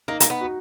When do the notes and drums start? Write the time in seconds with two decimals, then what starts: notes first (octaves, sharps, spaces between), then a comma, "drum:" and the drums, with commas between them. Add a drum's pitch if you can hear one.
0.08 A#3 D#4
0.20 A#3, drum: hi-hat
0.30 B3
0.41 F#4